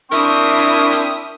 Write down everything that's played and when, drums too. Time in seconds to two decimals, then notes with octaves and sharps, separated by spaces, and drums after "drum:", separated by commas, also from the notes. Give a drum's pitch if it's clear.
0.12 C4 D4 E4 A#4 G5 C#6 D#6, drum: hi-hat
0.59 drum: hi-hat
0.92 drum: hi-hat